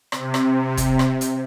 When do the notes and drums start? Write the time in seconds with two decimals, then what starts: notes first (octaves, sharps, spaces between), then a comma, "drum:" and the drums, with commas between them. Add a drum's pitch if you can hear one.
0.12 C3, drum: rim click
0.34 drum: rim click
0.77 drum: kick, hi-hat
0.99 drum: rim click
1.21 drum: hi-hat